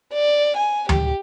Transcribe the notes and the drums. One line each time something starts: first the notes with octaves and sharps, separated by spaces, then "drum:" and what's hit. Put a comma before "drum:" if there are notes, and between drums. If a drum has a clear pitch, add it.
D5
G#5
G4, drum: tom D2